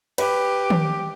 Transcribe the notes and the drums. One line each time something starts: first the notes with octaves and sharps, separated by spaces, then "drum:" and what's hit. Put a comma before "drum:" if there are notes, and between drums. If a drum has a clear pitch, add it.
G4 B4, drum: cymbal
drum: tom D#3